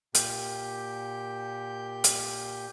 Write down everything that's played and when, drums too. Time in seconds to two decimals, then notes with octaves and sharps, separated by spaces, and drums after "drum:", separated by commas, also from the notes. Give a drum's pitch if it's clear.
0.14 A#2 G4 G6, drum: hi-hat
2.04 drum: hi-hat